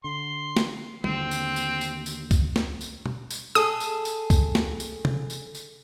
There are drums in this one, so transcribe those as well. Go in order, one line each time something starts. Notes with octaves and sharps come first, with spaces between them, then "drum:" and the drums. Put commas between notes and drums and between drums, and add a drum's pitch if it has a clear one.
D3 C6
drum: snare
D#2 D3 C4, drum: tom
drum: tambourine
drum: tambourine
drum: tambourine
drum: tambourine
drum: kick C2, tambourine
drum: snare
drum: tambourine
drum: tom B2
drum: tambourine
G#4 A4 D#6, drum: tambourine
drum: tambourine
drum: tambourine
drum: kick C2, tambourine
drum: snare
drum: tambourine
drum: tom
drum: tambourine
drum: tambourine